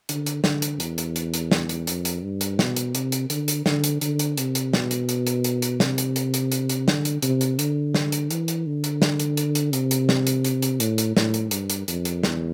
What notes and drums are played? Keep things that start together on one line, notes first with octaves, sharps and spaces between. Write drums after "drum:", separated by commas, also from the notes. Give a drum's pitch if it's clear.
D3, drum: hi-hat
drum: hi-hat
D3, drum: snare
drum: hi-hat
E2, drum: hi-hat
drum: hi-hat
drum: hi-hat
drum: hi-hat
drum: snare
drum: hi-hat
F2, drum: hi-hat
drum: hi-hat
G2
drum: hi-hat
B2, drum: snare
drum: hi-hat
C3, drum: hi-hat
drum: hi-hat
D3, drum: hi-hat
drum: hi-hat
D3, drum: snare
drum: hi-hat
D3, drum: hi-hat
drum: hi-hat
C3, drum: hi-hat
drum: hi-hat
B2, drum: snare
drum: hi-hat
drum: hi-hat
drum: hi-hat
drum: hi-hat
drum: hi-hat
C3, drum: snare
drum: hi-hat
drum: hi-hat
drum: hi-hat
drum: hi-hat
drum: hi-hat
D3, drum: snare
drum: hi-hat
C3, drum: hi-hat
drum: hi-hat
D3, drum: hi-hat
drum: snare
drum: hi-hat
E3, drum: hi-hat
drum: hi-hat
D3
drum: hi-hat
drum: snare
drum: hi-hat
drum: hi-hat
drum: hi-hat
C3, drum: hi-hat
drum: hi-hat
drum: snare
drum: hi-hat
drum: hi-hat
drum: hi-hat
A2, drum: hi-hat
drum: hi-hat
A2, drum: snare
drum: hi-hat
G2, drum: hi-hat
drum: hi-hat
F2, drum: hi-hat
drum: hi-hat
E2, drum: snare